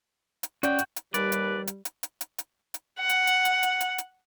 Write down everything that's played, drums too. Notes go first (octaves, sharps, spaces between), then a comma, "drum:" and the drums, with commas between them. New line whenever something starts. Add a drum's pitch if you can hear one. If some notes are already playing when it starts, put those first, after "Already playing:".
drum: hi-hat
C#4 F#4 D5 G5, drum: hi-hat
drum: hi-hat
drum: hi-hat
D#2 G3 B4 D5, drum: hi-hat
drum: hi-hat
drum: hi-hat
drum: hi-hat
drum: hi-hat
drum: hi-hat
drum: hi-hat
drum: hi-hat
F#5
drum: hi-hat
drum: hi-hat
drum: hi-hat
drum: hi-hat
drum: hi-hat
drum: hi-hat